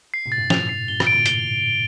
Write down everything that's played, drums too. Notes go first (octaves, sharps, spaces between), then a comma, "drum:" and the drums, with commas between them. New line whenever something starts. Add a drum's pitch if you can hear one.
C7
A2 C3
A6
G2 A#2
A2 F7, drum: snare
C7
G2 A#2 G7
A2 C3, drum: rim click
D7
A#2 D3
A2 G7, drum: hi-hat